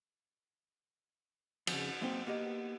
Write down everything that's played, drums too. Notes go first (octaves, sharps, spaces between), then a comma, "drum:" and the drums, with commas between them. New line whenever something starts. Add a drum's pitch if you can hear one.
F2 C#3, drum: cymbal
F#2 A#3 C4 C5 G5
A#3 B3 G4 D#5